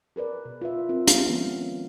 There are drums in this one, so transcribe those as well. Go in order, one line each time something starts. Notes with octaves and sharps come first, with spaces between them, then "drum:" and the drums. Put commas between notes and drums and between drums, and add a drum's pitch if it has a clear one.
G#4 A#4 B4 D5
B2
F4 B4 E5
C4 F4 A#4
F5, drum: hi-hat
D#3 F3 G#3 A#3 B3 C#4